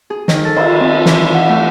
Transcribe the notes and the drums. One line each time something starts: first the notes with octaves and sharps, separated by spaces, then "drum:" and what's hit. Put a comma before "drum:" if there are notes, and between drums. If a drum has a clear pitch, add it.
G#4
D#3, drum: snare
A4
C5, drum: cymbal
C4
E3, drum: snare
F#5
A3